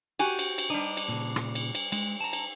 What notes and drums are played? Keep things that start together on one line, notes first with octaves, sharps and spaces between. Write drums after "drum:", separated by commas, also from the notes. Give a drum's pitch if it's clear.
F#4 G4 G#5, drum: cymbal
drum: cymbal
drum: cymbal
G3 D4 D#4
drum: cymbal
A#2 C#3
drum: rim click
drum: cymbal
drum: cymbal
G#3, drum: cymbal
A5 A#5
drum: cymbal